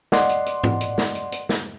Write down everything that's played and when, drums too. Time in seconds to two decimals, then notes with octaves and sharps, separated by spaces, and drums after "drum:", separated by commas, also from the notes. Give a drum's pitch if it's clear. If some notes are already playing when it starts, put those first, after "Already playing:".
0.12 D5 D#5 F#5 C6, drum: snare
0.29 drum: hi-hat
0.46 drum: hi-hat
0.64 drum: tom G#2
0.81 drum: hi-hat
0.98 drum: snare
1.15 drum: hi-hat
1.32 drum: hi-hat
1.49 drum: snare